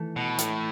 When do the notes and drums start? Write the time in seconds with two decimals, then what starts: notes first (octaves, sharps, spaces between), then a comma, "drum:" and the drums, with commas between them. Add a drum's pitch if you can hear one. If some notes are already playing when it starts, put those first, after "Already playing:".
Already playing: E3 A3
0.16 B2
0.38 A2 A3, drum: hi-hat